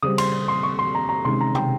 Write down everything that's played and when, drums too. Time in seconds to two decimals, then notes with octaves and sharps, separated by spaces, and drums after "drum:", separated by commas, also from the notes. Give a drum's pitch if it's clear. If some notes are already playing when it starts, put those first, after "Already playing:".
0.02 C#3 G3 C4 D#6
0.18 C6, drum: cymbal
0.48 C6
0.63 C#6
0.79 C6
0.95 A#5
1.09 A#5
1.25 C3 D#3 G#3 C#4 C6
1.41 A#5
1.55 G5, drum: tom B2